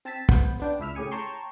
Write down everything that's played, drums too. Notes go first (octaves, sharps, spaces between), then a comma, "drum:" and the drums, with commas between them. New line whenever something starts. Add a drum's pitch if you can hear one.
C4 A5 E6 A6 B6
B3 C5, drum: kick
B3 D4 G5
C#2 E4 E5 F6
A2 C#3 G4 G#4 G#5 C#7
C#5 G5 A5 A#5 C6 C#6